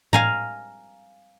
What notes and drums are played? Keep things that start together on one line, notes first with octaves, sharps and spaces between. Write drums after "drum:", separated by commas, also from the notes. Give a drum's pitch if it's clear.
F5 G#5 A#5, drum: tom A2